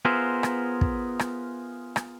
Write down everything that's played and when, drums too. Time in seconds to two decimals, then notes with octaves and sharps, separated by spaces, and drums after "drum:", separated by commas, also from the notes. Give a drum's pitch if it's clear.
0.05 B3 F4 G#4 A#4 C5 E5
0.43 drum: rim click
0.81 drum: kick
1.19 drum: rim click
1.96 drum: rim click